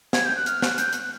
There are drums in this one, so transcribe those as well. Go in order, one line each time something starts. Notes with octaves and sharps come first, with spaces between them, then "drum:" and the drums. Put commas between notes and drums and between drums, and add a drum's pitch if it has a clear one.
G#6, drum: snare
G6
F#6
F6, drum: hi-hat
F#6, drum: snare
G6, drum: hi-hat
F#6, drum: hi-hat